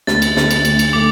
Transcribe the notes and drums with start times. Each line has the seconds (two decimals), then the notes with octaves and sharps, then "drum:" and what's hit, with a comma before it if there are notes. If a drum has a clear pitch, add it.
0.07 D2 A6, drum: snare
0.22 drum: cymbal
0.36 D3 A3, drum: snare
0.51 drum: cymbal
0.65 D2, drum: cymbal
0.79 drum: cymbal
0.93 D3 A3 D6